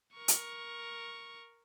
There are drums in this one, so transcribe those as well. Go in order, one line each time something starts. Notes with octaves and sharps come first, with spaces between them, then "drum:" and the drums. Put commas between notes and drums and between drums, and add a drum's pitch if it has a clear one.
A#4 C#6
drum: hi-hat